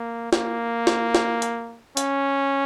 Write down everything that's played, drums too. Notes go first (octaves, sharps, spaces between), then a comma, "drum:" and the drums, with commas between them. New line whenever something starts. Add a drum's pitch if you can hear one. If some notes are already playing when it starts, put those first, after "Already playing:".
Already playing: A#3
A#3, drum: snare
drum: snare
drum: snare
drum: hi-hat
C#4, drum: hi-hat